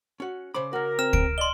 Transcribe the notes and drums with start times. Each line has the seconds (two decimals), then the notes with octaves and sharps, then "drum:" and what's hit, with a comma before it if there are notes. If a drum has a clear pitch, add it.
0.20 C#4 F#4
0.54 C#3 C5 B5 D6
0.73 C#3 F#4 A#4
0.99 C4 F6 E7
1.13 D7, drum: kick
1.38 D5 D#5 C6 G7